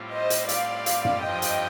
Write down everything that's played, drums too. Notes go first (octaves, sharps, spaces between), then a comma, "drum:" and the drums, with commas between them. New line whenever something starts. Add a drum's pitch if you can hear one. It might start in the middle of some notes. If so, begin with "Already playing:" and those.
Already playing: A2 G3 C4 F4
C5 D#5
drum: hi-hat
D5 F5, drum: hi-hat
drum: hi-hat
drum: tom F#2
G2 F3 C4 F4 D#5 G5
drum: hi-hat